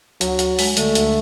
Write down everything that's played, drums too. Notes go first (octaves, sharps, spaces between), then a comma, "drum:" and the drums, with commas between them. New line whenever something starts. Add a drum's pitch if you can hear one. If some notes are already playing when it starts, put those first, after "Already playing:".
D2 F#3, drum: hi-hat
D2, drum: hi-hat
G#3, drum: open hi-hat
D3 A3, drum: hi-hat
D2, drum: hi-hat